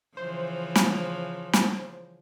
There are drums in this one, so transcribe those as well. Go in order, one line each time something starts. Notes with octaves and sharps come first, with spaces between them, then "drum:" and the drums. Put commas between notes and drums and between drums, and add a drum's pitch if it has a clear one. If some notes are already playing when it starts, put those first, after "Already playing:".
C#3 E3 F3 C5
drum: snare
drum: snare